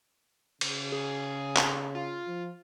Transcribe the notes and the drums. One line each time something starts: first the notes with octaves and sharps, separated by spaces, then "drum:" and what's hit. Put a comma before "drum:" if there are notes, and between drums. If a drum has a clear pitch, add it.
C#3, drum: cymbal
G#4
drum: clap
F4
F3